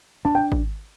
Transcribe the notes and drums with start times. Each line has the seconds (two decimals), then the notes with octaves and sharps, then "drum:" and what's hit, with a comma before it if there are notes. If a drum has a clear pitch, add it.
0.25 D4 A5
0.35 G5
0.52 drum: kick